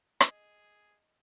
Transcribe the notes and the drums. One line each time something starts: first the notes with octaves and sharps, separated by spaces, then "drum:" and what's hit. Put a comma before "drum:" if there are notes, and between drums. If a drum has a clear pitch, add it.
G#4 D#5, drum: rim click